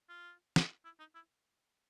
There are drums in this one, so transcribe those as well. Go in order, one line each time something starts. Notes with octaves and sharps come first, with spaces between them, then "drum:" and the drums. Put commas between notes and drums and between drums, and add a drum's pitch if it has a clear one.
F4
drum: snare
E4
D#4
E4